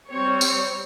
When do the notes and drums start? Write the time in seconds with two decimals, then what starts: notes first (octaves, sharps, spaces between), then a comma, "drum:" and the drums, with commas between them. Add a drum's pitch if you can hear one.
0.11 G3 C4 C#5
0.41 drum: tambourine